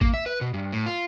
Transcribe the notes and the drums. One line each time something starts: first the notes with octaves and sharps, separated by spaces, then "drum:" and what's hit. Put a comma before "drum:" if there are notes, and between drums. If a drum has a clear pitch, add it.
A#3, drum: kick
E5
B4
B2
G2
A2
F4